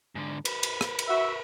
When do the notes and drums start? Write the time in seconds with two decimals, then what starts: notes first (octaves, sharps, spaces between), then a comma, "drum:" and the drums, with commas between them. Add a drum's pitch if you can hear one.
0.15 G#2 D3
0.45 A#4 B4, drum: cymbal
0.63 drum: cymbal
0.81 drum: rim click
0.99 drum: cymbal
1.08 F#4 E5